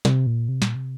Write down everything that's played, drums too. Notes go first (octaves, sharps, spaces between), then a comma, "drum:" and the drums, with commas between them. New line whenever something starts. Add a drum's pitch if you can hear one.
C3, drum: snare
A#2
C3
A#2, drum: snare
C3